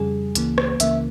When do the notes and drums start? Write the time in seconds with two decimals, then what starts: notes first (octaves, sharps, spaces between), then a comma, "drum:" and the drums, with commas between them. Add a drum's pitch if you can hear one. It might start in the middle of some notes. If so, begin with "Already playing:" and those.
Already playing: F2 C#3 G3 G#4
0.35 C#2 C#3 E3 A#3, drum: hi-hat
0.58 drum: rim click
0.80 C#2 C#3 E3 A#3 E5, drum: hi-hat